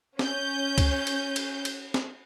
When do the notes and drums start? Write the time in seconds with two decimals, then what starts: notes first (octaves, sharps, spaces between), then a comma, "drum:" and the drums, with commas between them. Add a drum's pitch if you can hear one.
0.19 C#4 G6, drum: snare
0.78 drum: kick C#2, cymbal
1.07 drum: cymbal
1.36 drum: cymbal
1.65 drum: cymbal
1.94 drum: snare